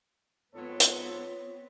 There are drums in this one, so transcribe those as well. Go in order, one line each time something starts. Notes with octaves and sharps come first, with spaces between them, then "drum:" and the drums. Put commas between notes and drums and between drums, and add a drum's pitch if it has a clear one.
G#2 F#3 B3 C4 F4 A4 C#5
drum: hi-hat